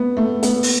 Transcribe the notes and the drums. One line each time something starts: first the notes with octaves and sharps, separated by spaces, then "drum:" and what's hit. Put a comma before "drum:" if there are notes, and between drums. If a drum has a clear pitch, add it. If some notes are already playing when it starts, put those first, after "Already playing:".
Already playing: B3
A3
B3, drum: hi-hat
drum: open hi-hat